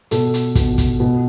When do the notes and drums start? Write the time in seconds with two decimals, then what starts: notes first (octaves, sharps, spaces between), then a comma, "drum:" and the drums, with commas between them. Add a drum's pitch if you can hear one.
0.11 B2 A4, drum: hi-hat
0.34 drum: hi-hat
0.55 B2, drum: kick, hi-hat
0.78 drum: kick, hi-hat
1.00 B2